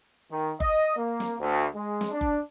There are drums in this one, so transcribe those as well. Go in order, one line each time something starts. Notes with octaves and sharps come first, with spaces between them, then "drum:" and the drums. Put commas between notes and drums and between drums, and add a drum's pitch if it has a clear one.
D#3
D#5, drum: kick F#1
A#3
drum: snare
D2
G#3
drum: snare
D4
drum: kick F#1